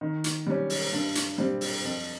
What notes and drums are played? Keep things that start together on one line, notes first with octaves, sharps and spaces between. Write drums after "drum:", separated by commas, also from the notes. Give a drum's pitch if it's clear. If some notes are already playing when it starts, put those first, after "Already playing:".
D#3
drum: hi-hat
G3 C#4
drum: open hi-hat
G2
drum: hi-hat
G3 C4
drum: open hi-hat
F2